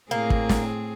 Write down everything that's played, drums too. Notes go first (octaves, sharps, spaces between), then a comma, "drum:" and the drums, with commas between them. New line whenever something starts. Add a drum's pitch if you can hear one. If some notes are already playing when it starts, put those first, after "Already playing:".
A2 A#3 C4 G#4
drum: kick
drum: snare